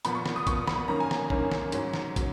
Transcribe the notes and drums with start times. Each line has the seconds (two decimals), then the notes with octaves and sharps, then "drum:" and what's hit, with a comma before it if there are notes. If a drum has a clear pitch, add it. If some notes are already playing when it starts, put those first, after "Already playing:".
0.05 A#2 F3 B3 B5, drum: hi-hat
0.15 C#6
0.26 drum: snare
0.36 D#6
0.47 A#2 F3 B3 C#6, drum: kick, hi-hat
0.67 B5, drum: snare
0.88 F#2 D#3 A#3 C#4 A#5
1.00 G#5
1.11 A#5, drum: snare
1.30 F#2 D#3 A#3 C#4, drum: kick
1.51 drum: snare
1.72 G#2 F#3 C#4, drum: hi-hat
1.93 drum: snare
2.16 F#3 C#4, drum: kick, hi-hat